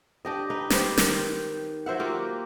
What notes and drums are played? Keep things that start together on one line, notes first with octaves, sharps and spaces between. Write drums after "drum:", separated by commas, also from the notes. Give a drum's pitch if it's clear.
D4 G4 D#5
D#4 B4
G4 B4 C5 D5, drum: snare
D#3, drum: snare
F#3 C5 E5 F#5
A#3 F4 G4